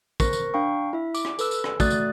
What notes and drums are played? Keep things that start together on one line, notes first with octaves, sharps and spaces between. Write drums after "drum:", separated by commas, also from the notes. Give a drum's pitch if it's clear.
A#4 C5 C#6 F#6 A#6, drum: kick, tambourine
drum: tambourine
D4 F5 G5 B5 C#6
E4 E5
D6, drum: tambourine
drum: rim click
A4 B4 E6, drum: tambourine
drum: tambourine
drum: rim click
A3 F#4 D5 D#6 F#6 A6, drum: kick, tambourine
drum: tambourine